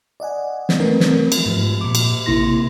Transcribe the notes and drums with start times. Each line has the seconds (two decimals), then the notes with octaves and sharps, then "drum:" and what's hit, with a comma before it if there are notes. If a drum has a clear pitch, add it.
0.20 D5 D#5 F#5 G#5
0.69 drum: snare
0.80 A3 C4 A#4 B4
1.00 drum: snare
1.32 drum: cymbal
1.46 G#2 F3
1.81 A#2 D6
1.95 drum: cymbal
2.26 A1 C3 A#3 E4 C6 A#6